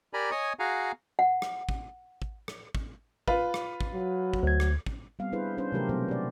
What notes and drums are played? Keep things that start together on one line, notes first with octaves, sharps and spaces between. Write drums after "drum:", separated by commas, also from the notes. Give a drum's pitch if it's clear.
G4 A#4 D5 G#5 A#5 B5
C#5 D#5 G#5 C#6 D#6
F#4 G#4 F5 F#5 G#5 A#5
F#5
drum: rim click
drum: kick
drum: kick
drum: rim click
drum: kick
F4 B4, drum: kick
drum: rim click
drum: kick
F#3
drum: kick
D2 G#6
drum: rim click
drum: kick
G3 B3 C4 F5
D4 E4 G#4 B4 C5
C#4 D4 C5
C3 E3 F#3 A3 G4 A#4
B2 F#3 B3 C4 C5
G4 D5